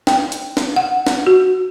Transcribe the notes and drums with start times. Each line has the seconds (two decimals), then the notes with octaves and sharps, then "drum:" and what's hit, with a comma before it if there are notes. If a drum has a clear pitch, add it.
0.07 G5, drum: snare
0.32 drum: hi-hat
0.57 drum: snare
0.76 F#5
1.07 drum: snare
1.27 F#4